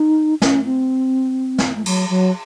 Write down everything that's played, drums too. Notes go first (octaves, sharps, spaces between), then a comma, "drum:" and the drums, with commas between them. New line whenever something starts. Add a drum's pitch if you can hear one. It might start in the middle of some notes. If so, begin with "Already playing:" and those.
Already playing: D#4
C#4, drum: snare
C4
drum: snare
A3
F#3, drum: cymbal
F#3